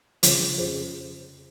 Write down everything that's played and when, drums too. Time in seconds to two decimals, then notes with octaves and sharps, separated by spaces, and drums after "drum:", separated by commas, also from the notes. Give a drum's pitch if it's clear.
0.23 C#2 C#3 F3, drum: hi-hat
0.58 F2 C#3 F3